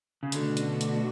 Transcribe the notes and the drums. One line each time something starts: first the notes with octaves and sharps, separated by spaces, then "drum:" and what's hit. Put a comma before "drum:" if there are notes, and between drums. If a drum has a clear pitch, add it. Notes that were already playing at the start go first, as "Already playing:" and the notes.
C#3
B2 D3 A3 D4 F#4, drum: hi-hat
drum: hi-hat
drum: hi-hat